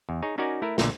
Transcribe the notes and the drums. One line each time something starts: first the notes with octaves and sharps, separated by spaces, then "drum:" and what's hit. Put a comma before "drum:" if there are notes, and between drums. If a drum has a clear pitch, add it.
E2
D#4 G#4 C#5
C#4 D#4 F#4 A#4 D5 G#5
A3 E4 A#4
B1 A#2 D3 A5, drum: snare